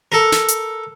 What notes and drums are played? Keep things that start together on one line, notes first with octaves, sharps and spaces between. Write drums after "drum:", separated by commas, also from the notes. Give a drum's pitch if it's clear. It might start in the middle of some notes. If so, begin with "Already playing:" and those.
A4 A#4
drum: snare
drum: hi-hat